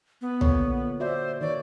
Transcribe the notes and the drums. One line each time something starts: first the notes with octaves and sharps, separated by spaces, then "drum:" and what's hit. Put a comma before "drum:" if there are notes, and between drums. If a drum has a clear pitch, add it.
B3
A#2 D3 C#5, drum: tom
F#4 C5 D5 E5
D#3 C#5 D5